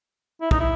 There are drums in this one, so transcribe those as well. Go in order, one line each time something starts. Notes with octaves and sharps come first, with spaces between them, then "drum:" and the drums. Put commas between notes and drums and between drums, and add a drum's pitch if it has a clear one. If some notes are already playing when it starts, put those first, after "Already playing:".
E4
D#4, drum: kick
E4